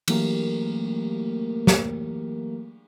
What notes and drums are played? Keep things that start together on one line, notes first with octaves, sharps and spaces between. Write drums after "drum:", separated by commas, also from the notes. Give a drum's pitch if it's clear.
E3 F#3 A3 A#3 G4 A#4, drum: cymbal
drum: snare